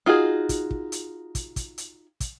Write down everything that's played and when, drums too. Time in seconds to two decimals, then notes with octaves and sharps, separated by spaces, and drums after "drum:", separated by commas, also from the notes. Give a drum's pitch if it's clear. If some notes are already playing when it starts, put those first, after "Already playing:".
0.06 D#4 F4 F#4 G#4
0.49 drum: kick, hi-hat
0.71 drum: kick
0.92 drum: hi-hat
1.35 drum: kick, hi-hat
1.56 drum: kick, hi-hat
1.78 drum: hi-hat
2.20 drum: kick, hi-hat